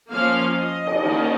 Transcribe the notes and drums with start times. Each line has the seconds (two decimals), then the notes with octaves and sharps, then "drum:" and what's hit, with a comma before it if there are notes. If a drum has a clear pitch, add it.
0.10 F3 A#3 C#4 F5
0.57 D#5
0.87 drum: cymbal
1.02 D#3 A#3 C#4